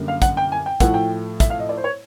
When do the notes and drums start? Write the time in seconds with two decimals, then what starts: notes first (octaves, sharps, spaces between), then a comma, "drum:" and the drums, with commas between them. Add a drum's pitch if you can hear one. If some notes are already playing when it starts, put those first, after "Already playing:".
Already playing: F#2 D3 G3 A#3
0.08 F5
0.22 F#5, drum: kick, hi-hat
0.37 G5
0.52 G#5
0.66 G5
0.80 A2 F3 A3 F#5, drum: kick, hi-hat
0.94 G5
1.40 E5, drum: kick, hi-hat
1.50 F5
1.60 D#5
1.69 D5
1.77 C5
1.84 C#5